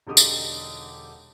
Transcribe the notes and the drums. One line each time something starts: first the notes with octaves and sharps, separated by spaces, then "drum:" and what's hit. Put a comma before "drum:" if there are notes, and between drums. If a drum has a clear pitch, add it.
E1 D3 D#4 G4 D#6
drum: tambourine